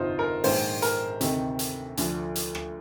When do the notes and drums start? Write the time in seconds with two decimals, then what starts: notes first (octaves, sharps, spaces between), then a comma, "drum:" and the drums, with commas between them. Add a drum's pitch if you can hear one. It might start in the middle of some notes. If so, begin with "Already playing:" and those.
Already playing: G1 F2 C3 D#4 F4 C5
0.19 A#4
0.44 A#1 G#2 D#3 C5, drum: open hi-hat
0.82 A#4, drum: hi-hat
1.21 D2 C3 D#3, drum: hi-hat
1.59 drum: hi-hat
1.97 D2 D3 F3, drum: hi-hat
2.35 drum: hi-hat
2.55 drum: rim click